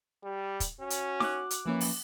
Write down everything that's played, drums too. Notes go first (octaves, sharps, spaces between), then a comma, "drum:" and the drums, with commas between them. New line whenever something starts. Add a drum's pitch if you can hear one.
G3 G4
drum: kick, hi-hat
C#4 F#4
drum: hi-hat
D6 F#6, drum: snare D#4
drum: hi-hat
E3 F3 A#3 C#4
drum: open hi-hat